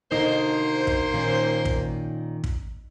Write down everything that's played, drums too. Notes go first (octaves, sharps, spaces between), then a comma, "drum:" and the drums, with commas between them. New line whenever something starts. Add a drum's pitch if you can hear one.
B2 D3 A#3 D#4 C5
drum: kick
A#2 D#3 C#4
drum: kick
drum: kick